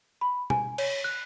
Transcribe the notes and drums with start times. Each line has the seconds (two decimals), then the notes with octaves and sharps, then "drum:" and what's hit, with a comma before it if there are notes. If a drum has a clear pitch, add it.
0.21 B5
0.50 G#5, drum: tom B2
0.78 C#5, drum: cymbal
1.04 F#6